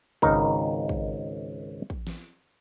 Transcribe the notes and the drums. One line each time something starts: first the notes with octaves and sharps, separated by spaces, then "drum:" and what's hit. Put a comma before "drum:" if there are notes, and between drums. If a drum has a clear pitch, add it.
G#1 C#2 D#4 A#4, drum: kick
drum: kick
drum: kick
drum: snare